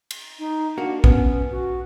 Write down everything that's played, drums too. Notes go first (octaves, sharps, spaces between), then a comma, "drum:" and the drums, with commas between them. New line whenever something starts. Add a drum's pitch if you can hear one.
drum: cymbal
D#4
A#3 D4 F#4
B3 C#4, drum: kick
F#4